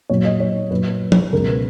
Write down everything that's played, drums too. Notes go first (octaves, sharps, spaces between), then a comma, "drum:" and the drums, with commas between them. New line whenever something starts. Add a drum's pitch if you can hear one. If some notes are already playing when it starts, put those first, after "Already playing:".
A#2 F#3 C#5
D#5
C#5
A#2 F#3 B4
drum: tom F3
C#2 B2 G#3 A#4
B4